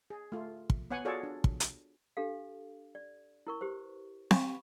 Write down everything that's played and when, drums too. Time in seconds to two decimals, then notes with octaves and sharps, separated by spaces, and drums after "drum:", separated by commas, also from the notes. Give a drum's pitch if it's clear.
0.10 G#4
0.32 A3 F4
0.70 drum: kick
0.91 B3 C#5 F#5 G#5
1.05 F4 F#4 G#4 A4 C#5 D5
1.23 D4
1.44 drum: kick
1.60 drum: hi-hat
2.17 D4 G4 A4 F5
2.95 D5
3.47 E4 A#4 C#6
3.61 G4 B4 C5
4.31 B5 C#6, drum: snare C4